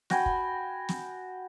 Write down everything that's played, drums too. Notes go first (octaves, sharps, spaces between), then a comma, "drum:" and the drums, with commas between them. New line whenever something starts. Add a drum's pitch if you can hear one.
F#4 G5 G#5 B5, drum: snare
drum: kick
drum: snare